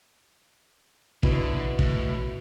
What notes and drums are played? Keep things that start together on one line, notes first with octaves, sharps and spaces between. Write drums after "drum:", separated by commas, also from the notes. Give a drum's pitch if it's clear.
B2 D3 E4, drum: kick
A2, drum: kick